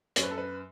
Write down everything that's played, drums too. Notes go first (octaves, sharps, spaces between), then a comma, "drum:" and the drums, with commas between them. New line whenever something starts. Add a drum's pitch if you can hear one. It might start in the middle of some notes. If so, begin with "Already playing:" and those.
F#2 C#5, drum: hi-hat
B4
A4
B4